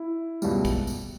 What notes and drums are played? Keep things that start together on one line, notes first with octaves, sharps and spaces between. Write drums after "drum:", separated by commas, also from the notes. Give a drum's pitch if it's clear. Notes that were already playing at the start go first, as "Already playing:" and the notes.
Already playing: E4
C#2 B2 G3, drum: tambourine
drum: kick A1, tambourine
drum: tambourine